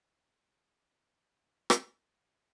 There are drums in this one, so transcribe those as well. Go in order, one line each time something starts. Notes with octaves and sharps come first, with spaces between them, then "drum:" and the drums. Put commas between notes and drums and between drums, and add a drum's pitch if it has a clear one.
A3 D#4 G4 G#4 C5 C#5 G#6
drum: rim click